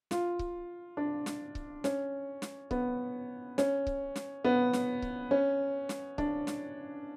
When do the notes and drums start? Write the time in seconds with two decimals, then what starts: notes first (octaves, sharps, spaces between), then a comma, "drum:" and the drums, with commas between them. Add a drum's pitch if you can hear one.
0.11 F4, drum: snare
0.39 drum: kick C#1
0.97 D4
1.26 drum: snare
1.55 drum: kick C#1
1.84 C#4, drum: snare
2.42 drum: snare
2.71 B3, drum: kick C#1
3.58 C#4, drum: snare
3.87 drum: kick C#1
4.16 drum: snare
4.44 B3
4.73 drum: snare
5.02 drum: kick C#1
5.31 C#4
5.89 drum: snare
6.18 D4, drum: kick C#1
6.47 drum: snare